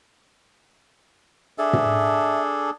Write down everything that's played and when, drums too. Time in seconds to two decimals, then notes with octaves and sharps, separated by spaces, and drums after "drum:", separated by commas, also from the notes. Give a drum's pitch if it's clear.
1.58 D4 G#4 A4 E5
1.73 drum: tom